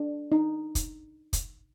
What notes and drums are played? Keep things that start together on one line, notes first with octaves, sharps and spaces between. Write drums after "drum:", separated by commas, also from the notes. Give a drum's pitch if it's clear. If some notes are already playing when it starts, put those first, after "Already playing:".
Already playing: D4
D#4
drum: kick, hi-hat
drum: kick, hi-hat